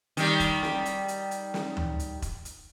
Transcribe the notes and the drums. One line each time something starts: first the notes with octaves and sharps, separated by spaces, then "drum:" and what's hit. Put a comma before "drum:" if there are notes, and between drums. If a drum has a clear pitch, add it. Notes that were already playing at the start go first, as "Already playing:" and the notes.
D#3 G3, drum: hi-hat
drum: kick E1, hi-hat
drum: snare
drum: hi-hat
drum: hi-hat
drum: hi-hat
drum: snare
drum: tom D2
drum: hi-hat
drum: kick E1, hi-hat
drum: hi-hat